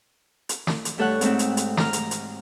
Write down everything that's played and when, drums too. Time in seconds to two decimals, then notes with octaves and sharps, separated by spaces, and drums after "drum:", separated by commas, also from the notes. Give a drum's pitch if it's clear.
0.49 drum: hi-hat
0.67 drum: snare
0.85 drum: hi-hat
0.98 G2 A3 A4 C#5 F#5 F#6
1.21 G#2 A3 C4, drum: hi-hat
1.39 drum: hi-hat
1.57 drum: hi-hat
1.77 A#5 F6, drum: snare
1.93 drum: hi-hat
2.11 drum: hi-hat